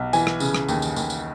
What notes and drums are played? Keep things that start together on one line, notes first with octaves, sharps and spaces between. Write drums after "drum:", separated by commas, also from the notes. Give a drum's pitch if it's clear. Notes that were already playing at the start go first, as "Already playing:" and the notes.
Already playing: B1
E3 G#5, drum: tambourine
drum: rim click
C#3, drum: tambourine
drum: rim click
D#2, drum: tambourine
drum: tambourine
D#2, drum: tambourine
drum: tambourine